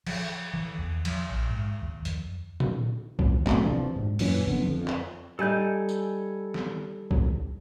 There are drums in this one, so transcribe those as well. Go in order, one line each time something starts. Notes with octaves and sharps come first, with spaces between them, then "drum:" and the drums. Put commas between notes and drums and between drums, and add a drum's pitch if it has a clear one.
F3, drum: cymbal
E3
E2
F3, drum: cymbal
A#1
G#2
D#2
F2, drum: hi-hat
drum: tom A#2
drum: kick C2
D1 B2 A3 C4, drum: clap
C3 E3 F3 D4
G#2
F#2 A#2 E3 C#4, drum: open hi-hat
F#1 F2 D3 B3
F2
drum: clap
G3 D#4 A4 G#5 G6
drum: tambourine
drum: snare
drum: kick C2